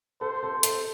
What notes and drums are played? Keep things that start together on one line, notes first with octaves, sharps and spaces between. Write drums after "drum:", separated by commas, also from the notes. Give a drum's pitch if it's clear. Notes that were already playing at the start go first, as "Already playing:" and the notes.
A4 C5
A4
A4, drum: hi-hat